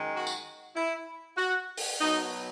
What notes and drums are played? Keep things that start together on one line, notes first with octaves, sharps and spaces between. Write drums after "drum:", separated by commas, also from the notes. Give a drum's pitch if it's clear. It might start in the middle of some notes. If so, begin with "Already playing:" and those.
Already playing: F#2 D#3 G#3
F#4
drum: tambourine
E4
F#4
drum: open hi-hat
B2 F#3 D#4